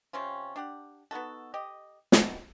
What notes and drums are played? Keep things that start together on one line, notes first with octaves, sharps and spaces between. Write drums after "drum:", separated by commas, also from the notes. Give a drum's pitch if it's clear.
C3 C4 C#4 F4
D4 G4 F#5
B3 D#4 F#4 A4
G4 D#5
D#3 E3 F#4 A5, drum: snare